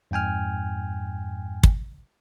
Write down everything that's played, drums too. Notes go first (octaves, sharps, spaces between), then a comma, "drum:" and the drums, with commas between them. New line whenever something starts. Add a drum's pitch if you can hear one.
F2 G#2 G5 G#5 F6
drum: kick